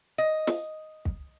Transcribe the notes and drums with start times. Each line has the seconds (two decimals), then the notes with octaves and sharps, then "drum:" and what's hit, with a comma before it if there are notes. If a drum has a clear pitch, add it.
0.18 D#5
0.47 drum: snare
1.05 drum: kick